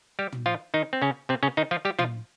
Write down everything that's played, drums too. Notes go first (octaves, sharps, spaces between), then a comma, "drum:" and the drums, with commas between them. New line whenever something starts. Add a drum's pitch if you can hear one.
G3 G4
drum: tom
F3 F4
D#3 D#4
C4
C#3 C#4
C3 C4
C#3 C#4
D#3 D#4
F3 F4
G3 G4
F3 F4, drum: tom